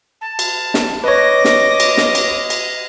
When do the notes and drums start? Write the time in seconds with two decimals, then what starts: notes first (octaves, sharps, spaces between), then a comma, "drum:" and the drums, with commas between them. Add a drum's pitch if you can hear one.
0.21 A5
0.39 drum: cymbal
0.74 drum: snare
1.04 B4 C#5 D#5 D6 A#6
1.45 drum: snare
1.80 drum: cymbal
1.97 drum: snare
2.15 drum: cymbal
2.50 drum: cymbal